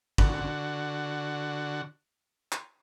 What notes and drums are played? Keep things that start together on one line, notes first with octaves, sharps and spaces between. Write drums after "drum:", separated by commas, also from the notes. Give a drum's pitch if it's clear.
D3 F#4, drum: kick
drum: clap